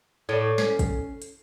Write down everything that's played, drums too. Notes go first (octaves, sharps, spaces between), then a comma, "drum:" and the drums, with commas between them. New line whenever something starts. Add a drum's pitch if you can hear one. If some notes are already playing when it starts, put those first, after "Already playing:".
A2 C#5 D5
C#4 C7, drum: snare
drum: kick, hi-hat
drum: hi-hat